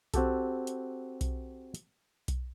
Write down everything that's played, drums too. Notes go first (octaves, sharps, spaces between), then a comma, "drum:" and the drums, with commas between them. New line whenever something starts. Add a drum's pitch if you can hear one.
C4 F#4 G4 A4, drum: kick B1, hi-hat
drum: hi-hat
drum: kick B1, hi-hat
drum: hi-hat
drum: kick B1, hi-hat